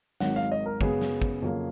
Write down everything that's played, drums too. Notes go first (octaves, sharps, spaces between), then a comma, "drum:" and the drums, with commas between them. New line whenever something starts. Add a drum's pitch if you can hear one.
G#1 G#2 D#3 F#3 F#5, drum: snare
F5
D#5
A#4
F#2 C#3 G#3 B3 G#4, drum: kick
drum: snare
drum: kick
F2 C#3 F#3 A#3